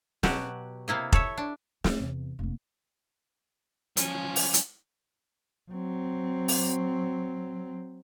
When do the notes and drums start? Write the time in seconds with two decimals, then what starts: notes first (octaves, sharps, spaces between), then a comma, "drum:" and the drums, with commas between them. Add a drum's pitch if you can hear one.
0.23 B2 F#3 F#4 G4, drum: snare
0.88 C3 A#3 E4 D#5
1.12 A4 C#5 E5, drum: kick F1
1.38 D4
1.84 A3, drum: snare
2.00 E2 C3
2.39 F1 A#3
3.97 F3 F#3 C#4, drum: hi-hat
4.36 drum: open hi-hat
4.54 drum: hi-hat
5.71 F#3 C4
6.48 drum: open hi-hat